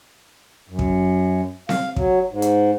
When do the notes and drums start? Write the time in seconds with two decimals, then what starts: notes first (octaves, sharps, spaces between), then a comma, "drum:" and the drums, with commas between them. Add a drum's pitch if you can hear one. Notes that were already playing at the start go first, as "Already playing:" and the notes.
0.69 F#2
0.79 drum: kick
1.69 F5, drum: snare C4
1.96 F#3, drum: kick
2.31 G#2
2.42 drum: hi-hat